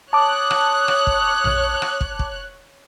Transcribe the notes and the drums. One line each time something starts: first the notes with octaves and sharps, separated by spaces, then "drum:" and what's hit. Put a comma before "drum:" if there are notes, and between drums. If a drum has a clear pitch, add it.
C#5 A5 D6 D#6 F#6
drum: rim click
drum: rim click
drum: kick
drum: tom A#1
drum: rim click
drum: kick
drum: kick